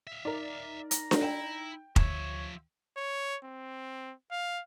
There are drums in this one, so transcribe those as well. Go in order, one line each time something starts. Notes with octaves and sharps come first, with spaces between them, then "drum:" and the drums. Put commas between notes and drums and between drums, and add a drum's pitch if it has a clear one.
E5 F5
D#4 A#4 D5
A#5, drum: hi-hat
drum: snare D4
E4 G5
D2 F3 C#5 E5, drum: kick F1
C#5
C4
F5